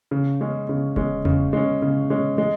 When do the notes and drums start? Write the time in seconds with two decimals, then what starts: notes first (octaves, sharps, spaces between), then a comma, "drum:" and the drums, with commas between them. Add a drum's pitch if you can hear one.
0.11 C#3
0.41 G#3 C#4
0.69 C#3
0.96 G#3 C#4, drum: kick D#1
1.25 C#3, drum: tom E2
1.53 G#3 C#4
1.82 C#3
2.10 G#3 C#4
2.38 G#3